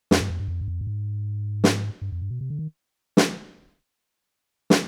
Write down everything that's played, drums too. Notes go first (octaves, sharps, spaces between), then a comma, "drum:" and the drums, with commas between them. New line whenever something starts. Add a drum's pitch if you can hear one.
F2, drum: snare
G2
F2
G2
F2
G2
F2
G2
G#2
drum: snare
G2
F2
G2
B2
C3
D3
D#3
drum: snare
drum: snare